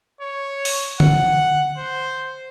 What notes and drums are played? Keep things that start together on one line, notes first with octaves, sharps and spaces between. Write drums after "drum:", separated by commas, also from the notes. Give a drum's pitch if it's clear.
C#5
drum: open hi-hat
F#5, drum: tom D3
C5